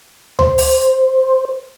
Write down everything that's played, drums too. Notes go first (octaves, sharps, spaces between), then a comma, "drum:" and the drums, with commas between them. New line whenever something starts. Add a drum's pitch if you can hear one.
C5, drum: tom D2
drum: open hi-hat